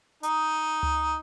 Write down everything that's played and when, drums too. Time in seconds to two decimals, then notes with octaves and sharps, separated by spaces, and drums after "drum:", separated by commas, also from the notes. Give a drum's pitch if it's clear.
0.23 D#4, drum: hi-hat
0.83 drum: tom C#2